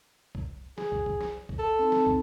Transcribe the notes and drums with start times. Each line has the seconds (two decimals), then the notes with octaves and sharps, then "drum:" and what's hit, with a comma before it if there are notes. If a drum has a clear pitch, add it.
0.35 drum: kick
0.78 G#4, drum: snare
0.92 drum: kick
1.06 drum: kick
1.21 drum: snare
1.49 drum: kick
1.59 A4
1.79 C4 D#4
1.92 drum: snare
2.06 drum: kick